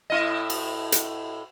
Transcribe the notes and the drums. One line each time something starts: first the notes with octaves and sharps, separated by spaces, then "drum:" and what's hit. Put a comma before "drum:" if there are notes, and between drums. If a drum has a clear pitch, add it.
A2 E4 D#5
drum: cymbal
drum: hi-hat